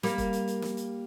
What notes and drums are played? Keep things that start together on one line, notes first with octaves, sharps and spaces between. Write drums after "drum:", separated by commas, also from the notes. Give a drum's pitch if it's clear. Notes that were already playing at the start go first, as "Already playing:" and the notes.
G3 A#3, drum: snare
drum: kick, hi-hat
drum: hi-hat
drum: hi-hat
drum: snare
drum: hi-hat